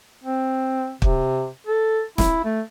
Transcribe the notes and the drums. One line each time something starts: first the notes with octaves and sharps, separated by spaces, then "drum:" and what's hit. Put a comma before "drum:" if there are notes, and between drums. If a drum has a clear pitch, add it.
C4
C3, drum: kick
A4
E4, drum: snare
A3